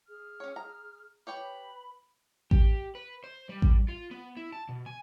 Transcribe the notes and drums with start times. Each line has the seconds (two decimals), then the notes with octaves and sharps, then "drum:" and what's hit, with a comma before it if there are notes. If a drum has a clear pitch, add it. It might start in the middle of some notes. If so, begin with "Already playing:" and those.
0.08 G#4 F6
0.40 C#4 C#5
0.56 A#5
1.27 G4 B4 C#5 G5 B5
2.51 G4, drum: kick A1
2.95 B4
3.24 C5
3.49 G3
3.62 drum: kick A1
3.88 F4
4.11 B3
4.37 E4
4.52 A5
4.69 B2
4.86 G#5